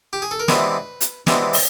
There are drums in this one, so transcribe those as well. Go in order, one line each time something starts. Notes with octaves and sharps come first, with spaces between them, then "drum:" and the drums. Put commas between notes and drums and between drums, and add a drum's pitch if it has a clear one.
G4
G#4
A4
A#4
C3 E3 G#3 B3 D4 B4, drum: snare
drum: hi-hat
C3 E3 G#3 B3 D4, drum: snare
drum: open hi-hat